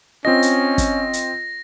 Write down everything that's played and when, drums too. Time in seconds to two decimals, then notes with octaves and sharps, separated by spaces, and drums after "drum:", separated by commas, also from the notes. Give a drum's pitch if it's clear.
0.25 C4 C#4 F4 D#5 A#6
0.42 drum: hi-hat
0.78 drum: kick, hi-hat
1.13 drum: hi-hat